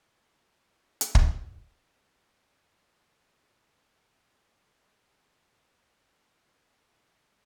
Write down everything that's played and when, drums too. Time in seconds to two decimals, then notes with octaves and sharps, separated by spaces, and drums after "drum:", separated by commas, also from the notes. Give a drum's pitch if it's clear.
0.13 G3 A#3 G5 A#5
1.01 drum: hi-hat
1.15 drum: kick
1.71 A#5 C#6 D6 E6 G#6 C#7
1.92 G6
2.15 E6
2.34 A5 B5 B6
2.70 D#6 E6 C#7
2.83 C6 F6 G#6 D7
3.26 F#4
3.52 F5
3.76 D6
3.91 C#5
4.20 F#5
4.77 A6
5.02 D#6
5.39 F4
5.63 B3
5.83 A#4
6.34 F#2
6.60 G3
6.85 C#2
7.01 C#7
7.22 F3